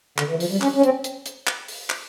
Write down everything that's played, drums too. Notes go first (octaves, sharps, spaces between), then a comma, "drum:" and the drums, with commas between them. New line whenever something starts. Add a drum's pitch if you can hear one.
D3, drum: clap
E3
F3, drum: open hi-hat
G3
C#4, drum: clap
C#4
C4, drum: hi-hat
drum: hi-hat
drum: hi-hat
drum: clap
drum: open hi-hat
drum: clap